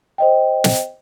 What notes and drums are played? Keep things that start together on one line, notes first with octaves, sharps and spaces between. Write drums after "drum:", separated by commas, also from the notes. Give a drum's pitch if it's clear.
C5 D#5 G5
drum: snare